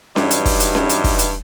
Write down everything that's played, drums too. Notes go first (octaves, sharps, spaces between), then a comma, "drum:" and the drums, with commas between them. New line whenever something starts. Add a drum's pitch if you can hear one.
G2 E3 F#3 G3 D#4, drum: snare C#4
drum: hi-hat
drum: kick, open hi-hat
drum: hi-hat
drum: snare C#4
drum: hi-hat
drum: kick, open hi-hat
drum: hi-hat